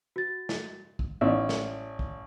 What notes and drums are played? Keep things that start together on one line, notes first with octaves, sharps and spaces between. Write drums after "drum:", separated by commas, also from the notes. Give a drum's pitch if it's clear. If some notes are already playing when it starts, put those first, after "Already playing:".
F#4 A6
drum: snare
drum: kick
A1 C#5 D5
drum: snare
drum: kick